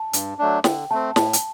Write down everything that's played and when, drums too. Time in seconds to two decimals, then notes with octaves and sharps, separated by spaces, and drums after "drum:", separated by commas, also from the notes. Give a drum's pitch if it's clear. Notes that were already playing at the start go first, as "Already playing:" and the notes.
Already playing: A5
0.13 G2, drum: hi-hat
0.38 F#3 A3 D4
0.64 D3 G5, drum: snare
0.91 A3 C4 A5
1.16 A2 A5, drum: snare
1.33 drum: hi-hat